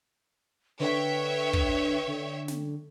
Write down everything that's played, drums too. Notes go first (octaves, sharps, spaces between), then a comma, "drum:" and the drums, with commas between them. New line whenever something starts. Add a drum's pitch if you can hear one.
D3 B4 C#5 E5 G5
drum: kick
D3
drum: snare